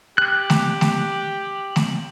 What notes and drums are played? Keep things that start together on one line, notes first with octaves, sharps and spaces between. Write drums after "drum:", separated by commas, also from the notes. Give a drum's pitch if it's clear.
G4 F#6
drum: snare A3
drum: snare A3
drum: snare A3